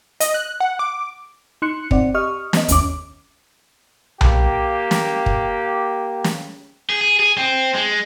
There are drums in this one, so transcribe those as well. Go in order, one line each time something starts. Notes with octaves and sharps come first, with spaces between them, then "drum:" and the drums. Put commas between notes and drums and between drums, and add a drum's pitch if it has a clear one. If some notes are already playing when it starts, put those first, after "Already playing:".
D#5, drum: hi-hat
F#6
F#5
D6
D#4 C6 F#6 C#7
C4 D5 F#5, drum: kick
G4 D#5 C#6 D#6 F6
B3 C#4 D#5, drum: snare
G#1 D#2 C#4 D6, drum: hi-hat
A#3 G4, drum: tom B1
drum: snare
drum: kick
drum: snare
G#4
G#4
G#4
C4
G#3